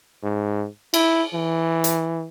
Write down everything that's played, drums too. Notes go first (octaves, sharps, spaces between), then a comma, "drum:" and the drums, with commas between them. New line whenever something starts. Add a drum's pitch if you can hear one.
G#2
E4, drum: cymbal
E3
drum: hi-hat